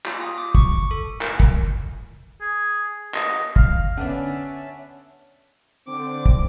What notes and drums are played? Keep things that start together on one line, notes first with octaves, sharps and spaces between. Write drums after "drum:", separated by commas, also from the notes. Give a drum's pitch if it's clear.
F4, drum: clap
D#6
D6
C#6, drum: kick
A4
A#4, drum: clap
drum: kick
G#4
D#5, drum: clap
F5, drum: kick
D3 B3 C#4 D4 E5 A5
D3 C4 D6
drum: kick